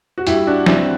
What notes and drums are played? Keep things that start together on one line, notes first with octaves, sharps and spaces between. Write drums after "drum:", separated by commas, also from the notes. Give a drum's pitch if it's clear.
F#4
G2 E4 G4, drum: hi-hat
D4 F#4
E3 C4 E4, drum: snare